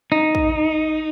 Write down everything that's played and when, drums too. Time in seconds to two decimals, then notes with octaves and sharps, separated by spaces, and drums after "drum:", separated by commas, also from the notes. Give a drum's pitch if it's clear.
0.12 D#4
0.35 drum: kick